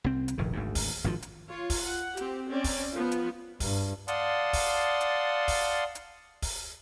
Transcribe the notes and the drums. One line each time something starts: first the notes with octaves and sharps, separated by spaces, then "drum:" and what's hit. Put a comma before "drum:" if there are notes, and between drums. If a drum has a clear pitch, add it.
C2 C4
drum: hi-hat
F1 A#1 G2 D#3
G#1 D2 G#2
drum: kick, open hi-hat
G#1 G2 D3 F3
drum: hi-hat
F4 C#5
drum: kick, open hi-hat
F#5
C4 G4, drum: hi-hat
C4 C#4 D5
drum: kick, open hi-hat
F3 B3
drum: hi-hat
G2, drum: kick, open hi-hat
D5 F5 F#5 A5 C6 D#6, drum: hi-hat
drum: kick, open hi-hat
drum: hi-hat
drum: kick, open hi-hat
drum: hi-hat
drum: kick, open hi-hat